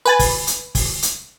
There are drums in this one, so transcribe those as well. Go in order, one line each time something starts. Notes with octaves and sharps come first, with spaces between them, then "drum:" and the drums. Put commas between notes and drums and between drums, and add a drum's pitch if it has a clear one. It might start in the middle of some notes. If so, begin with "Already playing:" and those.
B4 G#5 A6
drum: kick, open hi-hat
drum: hi-hat
drum: kick, open hi-hat
drum: hi-hat